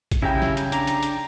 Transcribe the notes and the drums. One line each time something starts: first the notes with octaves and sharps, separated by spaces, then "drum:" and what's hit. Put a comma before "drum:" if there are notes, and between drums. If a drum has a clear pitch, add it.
drum: kick A1, hi-hat
C#3 E4 G4 G5 A#5
drum: snare
drum: hi-hat
D4 A#5, drum: hi-hat
drum: hi-hat
drum: hi-hat